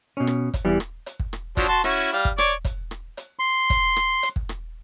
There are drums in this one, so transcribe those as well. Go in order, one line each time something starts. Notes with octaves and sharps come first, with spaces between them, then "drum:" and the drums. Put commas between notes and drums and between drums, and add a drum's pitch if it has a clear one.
B2 C#4
drum: rim click
drum: kick, hi-hat
E2 E3 G3
drum: rim click
drum: hi-hat
drum: kick
drum: rim click
F3 F#3 D4, drum: kick, hi-hat
F#4 A5 C6
C#4 E4 F#4, drum: rim click
G3 F5, drum: hi-hat
drum: kick
C#5 D5 D6, drum: rim click
drum: kick, hi-hat
drum: rim click
drum: hi-hat
C6
drum: kick, hi-hat
drum: rim click
drum: hi-hat
drum: kick
drum: rim click